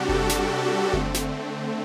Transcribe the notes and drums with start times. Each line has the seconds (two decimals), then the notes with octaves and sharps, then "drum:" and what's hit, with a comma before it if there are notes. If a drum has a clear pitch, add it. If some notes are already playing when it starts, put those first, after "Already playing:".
Already playing: C3 G3 D4 F#4 G4
0.09 A4, drum: kick F#1
0.29 drum: snare
0.93 D3 A3 C4, drum: kick F#1
1.14 drum: snare